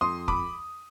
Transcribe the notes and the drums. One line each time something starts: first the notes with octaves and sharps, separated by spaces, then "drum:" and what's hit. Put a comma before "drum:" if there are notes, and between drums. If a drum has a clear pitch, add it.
F2 C6 D#6
B5 D6, drum: kick